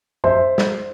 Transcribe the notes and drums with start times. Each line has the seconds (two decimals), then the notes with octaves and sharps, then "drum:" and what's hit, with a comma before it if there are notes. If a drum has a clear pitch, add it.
0.24 C5 E5, drum: tom
0.58 drum: snare